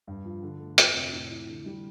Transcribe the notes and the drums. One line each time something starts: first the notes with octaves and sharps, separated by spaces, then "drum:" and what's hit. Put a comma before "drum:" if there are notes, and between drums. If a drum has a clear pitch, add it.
G2
F3
D3
A3
F2, drum: hi-hat
C3
A2
E3
D3
G3